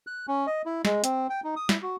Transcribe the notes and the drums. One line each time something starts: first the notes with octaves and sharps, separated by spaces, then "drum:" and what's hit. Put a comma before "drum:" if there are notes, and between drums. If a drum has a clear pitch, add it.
F#6
C#4
D#5
E4
G#3, drum: snare
C4, drum: hi-hat
G5
D#4
D#6
E4, drum: snare
F#4